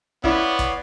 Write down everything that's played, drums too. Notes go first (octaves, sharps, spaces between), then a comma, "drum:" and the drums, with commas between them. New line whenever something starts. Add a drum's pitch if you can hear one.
B3 E4 C#5 D5 F5, drum: kick
drum: kick, hi-hat